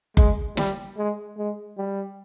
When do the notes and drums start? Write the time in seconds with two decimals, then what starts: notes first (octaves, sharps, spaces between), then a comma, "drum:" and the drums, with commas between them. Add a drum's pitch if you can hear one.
0.17 G#3, drum: kick F#1
0.57 G3, drum: snare
0.97 G#3
1.38 G#3
1.78 G3